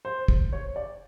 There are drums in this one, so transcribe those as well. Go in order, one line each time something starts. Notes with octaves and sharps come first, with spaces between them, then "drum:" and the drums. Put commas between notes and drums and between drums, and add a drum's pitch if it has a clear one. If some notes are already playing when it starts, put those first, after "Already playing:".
C5
drum: kick
C#5
D5